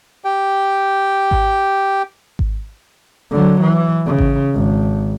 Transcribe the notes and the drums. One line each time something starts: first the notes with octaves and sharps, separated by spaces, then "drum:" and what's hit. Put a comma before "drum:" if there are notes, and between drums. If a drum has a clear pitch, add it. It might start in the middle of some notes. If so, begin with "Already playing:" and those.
G4 G5
drum: kick G#1
drum: kick G#1
D3 F#3
E3
C#3
drum: kick G#1
G#1